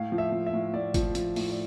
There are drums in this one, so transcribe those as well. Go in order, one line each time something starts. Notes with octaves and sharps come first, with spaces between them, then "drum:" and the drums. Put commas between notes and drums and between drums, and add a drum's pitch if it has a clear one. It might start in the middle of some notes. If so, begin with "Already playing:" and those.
Already playing: A2 F5
F3
E5
F3
E5
A2
A2 D5
F3, drum: kick G1, hi-hat
F3, drum: hi-hat
A2, drum: open hi-hat
D5